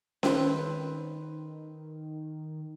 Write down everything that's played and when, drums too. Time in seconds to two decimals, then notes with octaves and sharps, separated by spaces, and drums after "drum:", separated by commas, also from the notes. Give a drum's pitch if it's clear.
0.23 D#3 C4 B4, drum: snare C#4